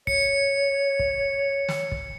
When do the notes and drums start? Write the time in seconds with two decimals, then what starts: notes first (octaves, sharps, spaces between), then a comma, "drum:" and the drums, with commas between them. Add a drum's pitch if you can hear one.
0.07 C#5 C#7, drum: kick
0.99 drum: kick
1.69 drum: snare
1.92 drum: kick